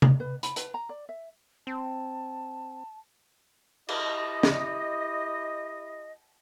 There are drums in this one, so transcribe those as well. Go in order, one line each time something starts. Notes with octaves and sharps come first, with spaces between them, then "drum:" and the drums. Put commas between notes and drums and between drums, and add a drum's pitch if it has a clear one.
drum: tom C3
B4
B5, drum: hi-hat
B4, drum: hi-hat
A#5
D5
E5
C4 A5
E4 G4 D#5, drum: cymbal
drum: snare